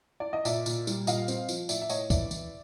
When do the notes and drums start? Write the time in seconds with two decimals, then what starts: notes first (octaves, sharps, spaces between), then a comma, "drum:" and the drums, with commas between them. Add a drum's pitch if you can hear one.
0.20 D5
0.33 D#5
0.45 A#2 D5 E5, drum: tambourine
0.66 A#2, drum: tambourine
0.87 G3, drum: tambourine
1.07 A#2 D#5 F5, drum: tambourine
1.28 C4, drum: tambourine
1.49 F3, drum: tambourine
1.69 A2 D5 E5, drum: tambourine
1.81 E5
1.89 A2 C#5 D#5, drum: tambourine
2.10 E3 D5 E5, drum: kick, tambourine
2.31 E3, drum: tambourine